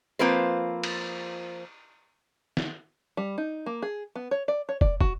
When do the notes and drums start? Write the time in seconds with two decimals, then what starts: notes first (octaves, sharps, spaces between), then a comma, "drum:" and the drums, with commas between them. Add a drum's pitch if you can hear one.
0.19 F3 A#3 C4 F4 B4 C5
0.83 drum: cymbal
2.57 drum: snare
3.17 G3
3.38 D#4
3.66 A#3
3.82 G#4
4.15 B3
4.31 C#5
4.48 D5
4.69 C#5
4.81 D5, drum: kick
5.01 F#4, drum: kick